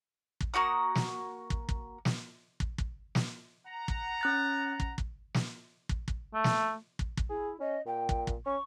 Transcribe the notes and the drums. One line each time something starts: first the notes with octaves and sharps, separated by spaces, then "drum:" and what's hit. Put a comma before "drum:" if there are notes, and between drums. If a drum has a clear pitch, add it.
drum: kick
A#3 F#4 F#5 D#6
drum: snare
drum: kick
drum: kick
drum: snare
drum: kick
drum: kick
drum: snare
F#5 A#5
drum: kick
C#4 F#6 A6
drum: kick
drum: kick
drum: snare
drum: kick
drum: kick
A3
drum: snare
drum: kick
drum: kick
E4 G#4
C#4 D#5
A#2 G5
drum: kick
drum: kick
C#4 C#6